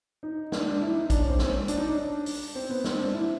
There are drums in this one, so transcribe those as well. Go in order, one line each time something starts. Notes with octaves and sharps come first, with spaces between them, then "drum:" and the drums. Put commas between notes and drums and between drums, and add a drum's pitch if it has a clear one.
D#4
D4, drum: snare
D4
E4
D#4
D4, drum: kick, hi-hat
C#4
C4
C#4, drum: snare
D4, drum: hi-hat
D#4
D4
drum: open hi-hat
C4
B3
C4, drum: snare
D4
E4